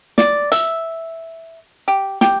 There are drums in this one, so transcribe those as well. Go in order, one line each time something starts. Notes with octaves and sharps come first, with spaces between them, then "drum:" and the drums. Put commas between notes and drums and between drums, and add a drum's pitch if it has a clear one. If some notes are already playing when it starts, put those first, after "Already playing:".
D5, drum: snare
E5, drum: hi-hat
G4
G4, drum: snare